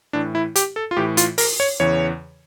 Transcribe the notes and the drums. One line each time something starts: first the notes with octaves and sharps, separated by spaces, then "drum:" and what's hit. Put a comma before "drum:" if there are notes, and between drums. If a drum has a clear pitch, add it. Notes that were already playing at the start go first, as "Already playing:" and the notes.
A2 E3 D4
E4
G4, drum: hi-hat
A4
F4
A2 E3 G4
F4, drum: hi-hat
A#4, drum: open hi-hat
C#5
E2 C#3 E3 C#5